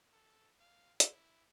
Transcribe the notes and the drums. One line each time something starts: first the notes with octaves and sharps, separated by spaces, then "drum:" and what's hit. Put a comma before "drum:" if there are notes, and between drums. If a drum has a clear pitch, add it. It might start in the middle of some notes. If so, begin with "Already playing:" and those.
A4
F5
E4, drum: hi-hat